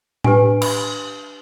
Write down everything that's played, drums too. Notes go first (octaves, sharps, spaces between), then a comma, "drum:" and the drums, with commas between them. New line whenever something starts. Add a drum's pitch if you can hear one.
D4 G4 B4 G#5, drum: tom A2
B5, drum: cymbal